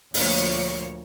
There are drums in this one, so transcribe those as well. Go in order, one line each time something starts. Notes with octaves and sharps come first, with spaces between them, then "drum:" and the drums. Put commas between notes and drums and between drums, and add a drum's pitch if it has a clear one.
D2 A#2 F3 A#3 C#5, drum: open hi-hat